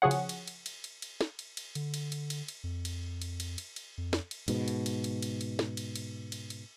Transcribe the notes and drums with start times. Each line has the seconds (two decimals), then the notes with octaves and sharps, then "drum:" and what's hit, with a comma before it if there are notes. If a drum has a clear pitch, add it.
0.02 C#3 F3 F#4 G#4 C#5 F#5
0.11 drum: cymbal
0.29 drum: cymbal
0.48 drum: cymbal
0.66 drum: cymbal
0.84 drum: cymbal
1.02 drum: cymbal
1.21 drum: snare
1.39 drum: cymbal
1.57 drum: cymbal
1.75 D3, drum: cymbal
1.94 drum: cymbal
2.12 drum: cymbal
2.30 drum: cymbal
2.48 drum: cymbal
2.64 F2
2.85 drum: cymbal
3.22 drum: cymbal
3.40 drum: cymbal
3.58 drum: cymbal
3.76 drum: cymbal
3.98 F2
4.13 drum: snare
4.31 drum: cymbal
4.48 G#2 B2, drum: cymbal
4.68 drum: cymbal
4.86 drum: cymbal
5.04 drum: cymbal
5.22 drum: cymbal
5.41 drum: cymbal
5.59 drum: snare
5.77 drum: cymbal
5.96 drum: cymbal
6.32 drum: cymbal
6.50 drum: cymbal